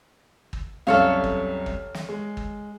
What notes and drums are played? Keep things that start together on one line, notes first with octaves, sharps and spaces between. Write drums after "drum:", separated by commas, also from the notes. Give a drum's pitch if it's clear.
drum: kick
C2 F#2 A4 C#5 F5 F6
drum: kick
drum: kick
drum: snare
G#3
drum: kick